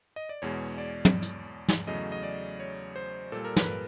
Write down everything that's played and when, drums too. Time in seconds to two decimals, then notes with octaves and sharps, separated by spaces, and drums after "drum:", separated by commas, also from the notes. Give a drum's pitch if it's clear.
0.16 D#5
0.29 D5
0.42 E2 B2 G#3 C#5
0.78 D5
1.05 drum: tom
1.22 drum: hi-hat
1.69 drum: snare
1.87 E2 C#3 F#3 A3 D#5
2.12 D#5
2.23 D5
2.60 C#5
2.96 C5
3.32 A#2 G3 A4
3.45 A#4
3.57 B4, drum: snare